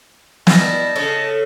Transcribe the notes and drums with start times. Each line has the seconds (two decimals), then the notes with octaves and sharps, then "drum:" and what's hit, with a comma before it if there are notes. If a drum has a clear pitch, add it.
0.47 G3 E4 D#5 A5, drum: snare
0.96 C#3 A4 C#5